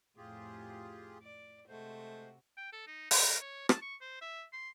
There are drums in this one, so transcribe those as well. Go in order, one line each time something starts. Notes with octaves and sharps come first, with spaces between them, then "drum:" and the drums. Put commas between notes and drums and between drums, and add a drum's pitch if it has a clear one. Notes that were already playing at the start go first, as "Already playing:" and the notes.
F2 A2 F4 G4 G#4
D5
C3 G#3 A3 F#4 C5
G5
A4
D#4
G5, drum: open hi-hat
A#4
C#5
A5, drum: rim click
C#6
C5
E5
C6